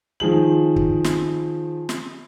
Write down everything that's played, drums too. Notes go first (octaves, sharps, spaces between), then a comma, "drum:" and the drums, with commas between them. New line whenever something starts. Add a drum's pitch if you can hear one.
D#3 F3 G#4 F#7
drum: kick
drum: snare
drum: snare